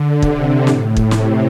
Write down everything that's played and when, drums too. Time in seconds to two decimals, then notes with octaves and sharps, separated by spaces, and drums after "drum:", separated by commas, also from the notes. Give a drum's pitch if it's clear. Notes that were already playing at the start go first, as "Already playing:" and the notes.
Already playing: D3
0.22 C3, drum: kick
0.67 A2, drum: snare
0.97 drum: kick
1.11 C3, drum: snare